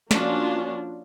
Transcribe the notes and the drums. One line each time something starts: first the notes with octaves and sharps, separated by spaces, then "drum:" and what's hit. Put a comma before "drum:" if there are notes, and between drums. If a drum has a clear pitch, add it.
F3 A#3 C#4 D4 F4 F#4, drum: snare